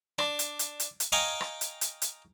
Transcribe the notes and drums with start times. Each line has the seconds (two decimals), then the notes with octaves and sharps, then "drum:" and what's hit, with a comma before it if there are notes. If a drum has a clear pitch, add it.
0.19 D4, drum: rim click
0.39 drum: hi-hat
0.59 drum: hi-hat
0.80 drum: hi-hat
1.00 drum: hi-hat
1.12 D#5 F5 G5 G#5 A#5 C#6
1.41 drum: rim click
1.61 drum: hi-hat
1.81 drum: hi-hat
2.02 drum: hi-hat